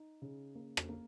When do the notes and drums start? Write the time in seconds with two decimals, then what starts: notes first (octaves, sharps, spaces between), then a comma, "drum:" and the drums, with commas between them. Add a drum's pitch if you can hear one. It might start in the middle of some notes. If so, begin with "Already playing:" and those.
Already playing: D#4
0.22 C#3
0.55 A#3
0.77 drum: rim click
0.89 A#3